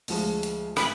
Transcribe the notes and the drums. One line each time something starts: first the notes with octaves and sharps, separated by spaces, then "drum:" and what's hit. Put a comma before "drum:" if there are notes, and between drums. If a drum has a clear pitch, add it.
D2 F3 G#3, drum: open hi-hat
drum: hi-hat
A1 B5, drum: rim click